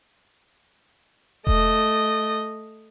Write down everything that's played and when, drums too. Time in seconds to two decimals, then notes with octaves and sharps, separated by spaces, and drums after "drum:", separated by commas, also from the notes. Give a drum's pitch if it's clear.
1.47 A3 D#5, drum: kick E1